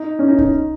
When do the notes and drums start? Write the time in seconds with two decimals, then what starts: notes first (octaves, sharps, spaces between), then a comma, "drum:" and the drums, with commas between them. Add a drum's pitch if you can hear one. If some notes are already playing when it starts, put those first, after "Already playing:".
Already playing: D#4
0.19 C#4
0.28 D#4
0.38 D#4, drum: kick